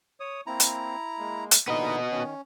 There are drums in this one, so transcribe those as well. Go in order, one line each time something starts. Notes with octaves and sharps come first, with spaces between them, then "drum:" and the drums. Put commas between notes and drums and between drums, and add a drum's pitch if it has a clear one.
C#5 D#6
A#3 C4 E4 A#5
drum: hi-hat
G#3 A#3
drum: hi-hat
A#2 D3 E3 B3 D#4 D#5 B5
D#3 C#4